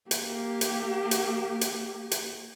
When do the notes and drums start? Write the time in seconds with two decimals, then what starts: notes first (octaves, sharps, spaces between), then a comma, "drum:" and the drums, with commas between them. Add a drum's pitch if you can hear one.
0.11 A#3 G4, drum: hi-hat
0.61 drum: hi-hat
1.11 drum: hi-hat
1.61 drum: hi-hat
2.11 drum: hi-hat